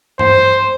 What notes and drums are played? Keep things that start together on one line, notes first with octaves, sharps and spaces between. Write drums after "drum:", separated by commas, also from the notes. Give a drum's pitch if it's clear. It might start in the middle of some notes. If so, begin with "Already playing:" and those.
C5, drum: tom G2